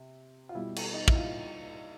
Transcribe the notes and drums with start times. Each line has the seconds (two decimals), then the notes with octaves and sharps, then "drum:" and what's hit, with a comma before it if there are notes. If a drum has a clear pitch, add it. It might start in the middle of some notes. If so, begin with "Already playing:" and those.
Already playing: C3
0.49 F4
0.55 B2 G3 E4
0.76 drum: cymbal
0.94 D#4
1.08 E4, drum: kick
1.16 F4